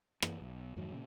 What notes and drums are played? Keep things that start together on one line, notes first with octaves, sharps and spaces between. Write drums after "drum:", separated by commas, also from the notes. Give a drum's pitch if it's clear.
E3 A#3, drum: rim click
B1
F2 G#2 D#3 F#3
A#2 C#3